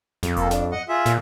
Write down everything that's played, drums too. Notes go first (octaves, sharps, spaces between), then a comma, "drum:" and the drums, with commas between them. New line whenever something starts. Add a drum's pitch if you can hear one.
F2, drum: snare
A#3 A4, drum: kick F1, hi-hat
D4, drum: snare
D#5 F#5
F4 G#4 E5
A#2, drum: snare